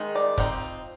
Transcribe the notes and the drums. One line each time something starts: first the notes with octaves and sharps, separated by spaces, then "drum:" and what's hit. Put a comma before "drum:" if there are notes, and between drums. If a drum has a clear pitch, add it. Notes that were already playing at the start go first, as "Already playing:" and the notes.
Already playing: D#3 G#3
D5
F3 C4 D#4, drum: kick, hi-hat